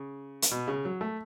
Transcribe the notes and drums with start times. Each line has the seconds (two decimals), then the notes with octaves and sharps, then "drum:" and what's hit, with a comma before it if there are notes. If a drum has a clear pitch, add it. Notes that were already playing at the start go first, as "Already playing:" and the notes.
Already playing: C#3
0.42 drum: hi-hat
0.51 B2
0.68 C#3
0.85 F#3
1.01 A3